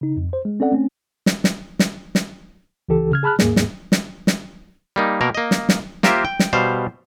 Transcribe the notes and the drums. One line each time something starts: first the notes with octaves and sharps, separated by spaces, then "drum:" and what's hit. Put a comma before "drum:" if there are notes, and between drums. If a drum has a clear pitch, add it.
C#3 D#4
F2
C5
G#3
C4 C#4 A4 D5 F#5
A3 C4 C#4
drum: snare
drum: snare
drum: snare
drum: snare
C#2 E3 G4 A4
C#3 F6 G#6
G#4 A5 B5 F6 F#6
D#2 G#2 A#3 G#4, drum: snare
drum: snare
drum: snare
drum: snare
G3 A#3 D#4
B2 A#3 A#4
A#3 D#5
drum: snare
drum: snare
A#3 F4 G4 A#4 C5 E5, drum: snare
G5
drum: snare
B2 G3 C5 F5